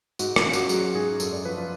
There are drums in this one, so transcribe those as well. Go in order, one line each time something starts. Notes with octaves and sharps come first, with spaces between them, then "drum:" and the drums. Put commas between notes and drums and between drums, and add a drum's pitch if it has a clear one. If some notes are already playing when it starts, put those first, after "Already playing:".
G#2 F#4, drum: tambourine
F4, drum: rim click
C#4
F#4, drum: tambourine
F#3 G#4, drum: tambourine
G#2 G#4
F#2 A4, drum: tambourine
D5
F3 B4
F4